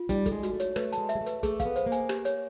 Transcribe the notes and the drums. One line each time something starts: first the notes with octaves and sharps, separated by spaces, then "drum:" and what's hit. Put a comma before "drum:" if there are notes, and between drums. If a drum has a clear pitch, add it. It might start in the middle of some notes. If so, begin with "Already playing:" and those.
Already playing: F4
G3 D#4, drum: kick, hi-hat
A4, drum: kick, hi-hat
G#3
F#4, drum: hi-hat
A3
C#5, drum: hi-hat
A3 B4, drum: rim click
A5, drum: hi-hat
G#3
E5, drum: hi-hat
G#3
A3
B4, drum: hi-hat
A3 G#4, drum: kick, hi-hat
F5, drum: kick, hi-hat
B3
C5, drum: hi-hat
A#3
G#5, drum: hi-hat
G4, drum: rim click
C#5, drum: hi-hat